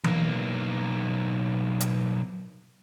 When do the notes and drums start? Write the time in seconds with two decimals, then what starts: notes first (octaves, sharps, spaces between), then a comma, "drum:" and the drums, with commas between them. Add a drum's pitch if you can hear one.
0.04 B1 A#3, drum: tom E3
1.80 drum: hi-hat